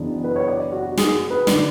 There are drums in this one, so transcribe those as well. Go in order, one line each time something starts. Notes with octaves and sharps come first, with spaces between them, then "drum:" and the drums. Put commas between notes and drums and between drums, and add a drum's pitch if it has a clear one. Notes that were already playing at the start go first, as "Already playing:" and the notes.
Already playing: F#1 E3 B3 D4
B4
C#5
D5
F#4
G#4, drum: snare
B4
D3 D5, drum: snare